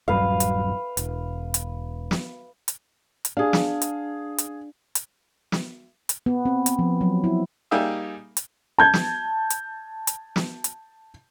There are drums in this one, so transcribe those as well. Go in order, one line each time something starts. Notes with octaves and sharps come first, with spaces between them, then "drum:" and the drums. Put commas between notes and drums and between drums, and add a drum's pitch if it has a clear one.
D#1 G2 F#3 B4 F5
drum: hi-hat
E1, drum: hi-hat
drum: hi-hat
drum: snare
drum: hi-hat
drum: hi-hat
D4 G#4 F5
drum: snare
drum: hi-hat
drum: hi-hat
drum: hi-hat
drum: snare
drum: hi-hat
B3
C4
drum: hi-hat
F3
F#3
E4
G3 A#3 D#4 G4 G#4 E5
drum: hi-hat
A5 G6 G#6
drum: snare
drum: hi-hat
drum: hi-hat
drum: snare
drum: hi-hat